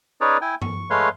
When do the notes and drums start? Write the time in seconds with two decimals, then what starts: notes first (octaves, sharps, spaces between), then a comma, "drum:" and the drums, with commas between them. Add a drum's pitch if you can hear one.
0.21 C#4 D#4 G#4 B4 C#5 D5
0.41 E4 G5 G#5
0.62 C#6, drum: tom G2
0.90 G#3 A3 B4 C#5 F5 C6